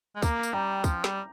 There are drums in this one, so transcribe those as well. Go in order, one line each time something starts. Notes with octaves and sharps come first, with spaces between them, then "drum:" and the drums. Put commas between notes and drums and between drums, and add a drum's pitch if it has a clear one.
G#3
A#3 A#5 D6, drum: kick, tambourine
drum: tambourine
G3 G5 A#5
F3, drum: kick, tambourine
G3, drum: snare